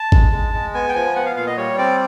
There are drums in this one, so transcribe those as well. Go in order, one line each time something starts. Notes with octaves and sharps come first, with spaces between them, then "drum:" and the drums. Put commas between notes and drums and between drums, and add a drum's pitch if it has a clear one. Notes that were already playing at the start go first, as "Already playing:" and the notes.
Already playing: A5
G#3, drum: kick
G#3
G#3
B3 G#5
G5
F3 G#5
B3 F#5
F5
A#2 F5
D#5
G3 C#5
C4 D5